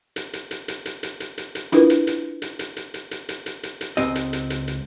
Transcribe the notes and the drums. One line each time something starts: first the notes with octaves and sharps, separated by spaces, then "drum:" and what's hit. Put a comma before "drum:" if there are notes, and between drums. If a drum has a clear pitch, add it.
drum: hi-hat
drum: hi-hat
drum: hi-hat
drum: hi-hat
drum: hi-hat
drum: hi-hat
drum: hi-hat
drum: hi-hat
drum: hi-hat
D4 E4 F4 A#4 B4, drum: hi-hat
drum: hi-hat
drum: hi-hat
drum: hi-hat
drum: hi-hat
drum: hi-hat
drum: hi-hat
drum: hi-hat
drum: hi-hat
drum: hi-hat
drum: hi-hat
drum: hi-hat
C#2 C4 D#5, drum: hi-hat
drum: hi-hat
drum: hi-hat
drum: hi-hat
drum: hi-hat